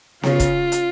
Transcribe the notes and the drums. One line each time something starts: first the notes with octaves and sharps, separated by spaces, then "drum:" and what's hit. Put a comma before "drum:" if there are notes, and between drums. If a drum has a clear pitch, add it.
C#3 F4, drum: snare B3
drum: kick, hi-hat
drum: hi-hat